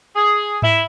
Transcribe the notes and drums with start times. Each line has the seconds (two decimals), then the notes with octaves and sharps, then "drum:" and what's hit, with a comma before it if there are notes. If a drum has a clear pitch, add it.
0.14 G#4
0.62 E4, drum: tom G#2